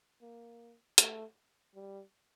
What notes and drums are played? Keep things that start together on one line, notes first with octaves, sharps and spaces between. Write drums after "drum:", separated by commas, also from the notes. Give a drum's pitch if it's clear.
A#3
A3, drum: hi-hat
G3